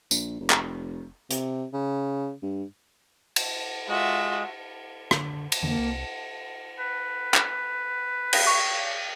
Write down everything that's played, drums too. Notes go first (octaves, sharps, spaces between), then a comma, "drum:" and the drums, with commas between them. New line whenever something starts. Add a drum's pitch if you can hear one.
A#1, drum: tambourine
F1
drum: clap
C3, drum: hi-hat
C#3
G2
drum: cymbal
G#3 F4 F#4 E5
D3 D4, drum: rim click
drum: cymbal
F2 D3 E3 A#3
C2
B4
drum: clap
drum: cymbal
C#6